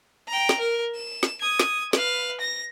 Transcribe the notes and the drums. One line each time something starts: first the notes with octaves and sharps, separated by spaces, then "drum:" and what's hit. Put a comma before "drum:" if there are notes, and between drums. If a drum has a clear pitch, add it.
G5 A#5
drum: snare
A#4
E7
drum: snare
D#6 G#6
drum: snare
B4 F5, drum: snare
A#6